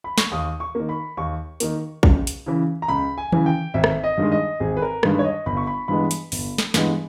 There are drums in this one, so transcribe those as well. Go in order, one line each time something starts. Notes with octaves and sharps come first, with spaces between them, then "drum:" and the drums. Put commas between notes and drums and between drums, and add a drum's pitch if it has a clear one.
B5
C#6, drum: snare
D#2 D#6
C#6
D#3 A#3
B5
D#2 C#6
D#3 A#3, drum: hi-hat
C#2, drum: kick
drum: hi-hat
C#3 E3
A#5
C#2 B5
G#5
C#3 E3, drum: tom D#3
G5
G#1 E5
drum: rim click
D#5
G2 D#3 G#3
D#5
G#1 G#4
B4
A#4
G2 D#3 G#3 B4, drum: rim click
C#5
D#5
G1 B5
C#6
B5
G2 E3 G#3 B3 B5
drum: hi-hat
G1, drum: open hi-hat
drum: snare
G2 E3 G#3 B3, drum: snare